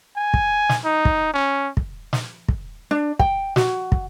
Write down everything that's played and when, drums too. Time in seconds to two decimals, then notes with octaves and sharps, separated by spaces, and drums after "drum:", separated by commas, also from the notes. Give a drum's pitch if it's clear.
0.17 G#5
0.34 drum: kick
0.69 drum: snare
0.85 D#4
1.05 drum: kick
1.34 C#4
1.77 drum: kick
2.13 drum: snare
2.48 drum: kick
2.91 D4
3.19 G5, drum: kick
3.56 F#4, drum: snare
3.92 drum: kick